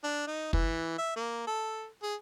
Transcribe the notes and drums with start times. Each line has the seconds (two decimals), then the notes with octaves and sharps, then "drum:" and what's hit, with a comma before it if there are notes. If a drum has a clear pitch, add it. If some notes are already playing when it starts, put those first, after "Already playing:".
0.04 D4
0.27 D#4
0.53 E3, drum: kick
0.98 E5
1.16 A#3
1.47 A4
2.02 G#4